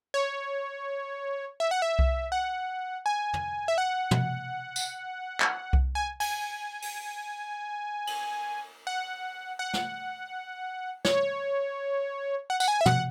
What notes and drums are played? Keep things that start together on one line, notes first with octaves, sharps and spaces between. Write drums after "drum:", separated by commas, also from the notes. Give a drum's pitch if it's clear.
C#5
E5
F#5
E5
drum: kick C2
F#5
G#5
drum: tom
E5
F#5
drum: tom
drum: tambourine
drum: clap
drum: kick C2
G#5
G#5, drum: open hi-hat
drum: open hi-hat
drum: cymbal
F#5
F#5
drum: snare
C#5, drum: snare
F#5
F#5, drum: tambourine
G#5
E5
F#5, drum: tom